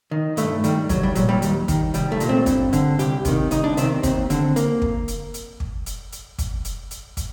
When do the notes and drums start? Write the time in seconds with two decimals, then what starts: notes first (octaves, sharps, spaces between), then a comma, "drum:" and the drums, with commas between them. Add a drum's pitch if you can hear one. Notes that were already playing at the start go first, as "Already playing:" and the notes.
0.11 D#3
0.37 G2 A3, drum: hi-hat
0.64 D#3 G3, drum: hi-hat
0.89 C2 F#3, drum: kick, hi-hat
1.03 G3
1.15 A#2 F#3, drum: hi-hat
1.29 G3
1.42 D#2, drum: hi-hat
1.68 D#3, drum: kick, hi-hat
1.94 C2 G3, drum: hi-hat
2.12 A3
2.20 A#2, drum: hi-hat
2.29 C4
2.46 G2, drum: kick, hi-hat
2.73 D3, drum: hi-hat
2.99 C2 G4, drum: hi-hat
3.25 C3 D#3, drum: kick, hi-hat
3.51 C2 D#4, drum: hi-hat
3.64 D4
3.77 C3 D#3 C4, drum: hi-hat
4.03 D#2 C4, drum: kick, hi-hat
4.30 D3 C4, drum: hi-hat
4.56 A#3, drum: hi-hat
4.82 drum: kick
5.08 drum: hi-hat
5.34 drum: hi-hat
5.60 drum: kick
5.86 drum: hi-hat
6.12 drum: hi-hat
6.38 drum: kick, hi-hat
6.65 drum: hi-hat
6.91 drum: hi-hat
7.17 drum: kick, hi-hat